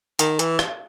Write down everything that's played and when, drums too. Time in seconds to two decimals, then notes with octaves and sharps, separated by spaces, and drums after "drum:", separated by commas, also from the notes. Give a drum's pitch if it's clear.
0.19 D#3, drum: hi-hat
0.39 E3, drum: hi-hat
0.59 drum: rim click